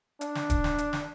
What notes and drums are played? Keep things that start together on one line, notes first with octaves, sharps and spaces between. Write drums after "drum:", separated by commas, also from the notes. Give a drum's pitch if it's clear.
D4, drum: hi-hat
drum: snare
drum: kick, hi-hat
drum: snare
drum: hi-hat
drum: snare